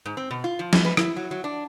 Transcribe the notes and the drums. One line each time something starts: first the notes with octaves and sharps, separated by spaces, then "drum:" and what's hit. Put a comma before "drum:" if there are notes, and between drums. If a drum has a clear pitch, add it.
G#2
C4
B2
F4
F3
E4, drum: snare
B4
E4, drum: rim click
F#3
F#3
D4